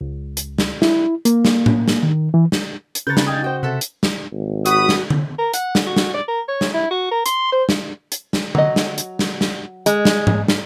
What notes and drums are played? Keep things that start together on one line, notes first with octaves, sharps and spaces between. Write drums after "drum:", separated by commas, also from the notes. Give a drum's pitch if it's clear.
C#2
drum: hi-hat
drum: snare
E4, drum: snare
A#3, drum: hi-hat
drum: snare
drum: tom A2
drum: snare
D#3
E3
drum: snare
drum: hi-hat
C#3 B4 C#5 A#5 G6 A6
drum: snare
D#4 F5 G5 G#5 D#6
F#4 C5 D#5 G5
C3 A4 E5 F#5
drum: hi-hat
drum: snare
G#1
F#4 B5 D#6, drum: hi-hat
drum: snare
drum: tom D3
A#4
F#5, drum: hi-hat
drum: snare
F#4
drum: snare
D5
A#4
C#5
drum: snare
E4
F#4
A#4
C6, drum: hi-hat
C5
drum: snare
drum: hi-hat
drum: snare
F#3 D#5, drum: tom D3
drum: snare
drum: hi-hat
drum: snare
drum: snare
G#3, drum: hi-hat
drum: snare
drum: tom G#2
drum: snare